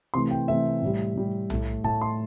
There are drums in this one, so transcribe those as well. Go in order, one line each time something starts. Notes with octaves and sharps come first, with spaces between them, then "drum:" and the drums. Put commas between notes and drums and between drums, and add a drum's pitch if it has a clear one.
C3 E3 A3 C6
G5
C3 E3 A3 E5
A2 G3
A2 G3
A2 A3, drum: tom B1
A2 A3 A5, drum: kick
C6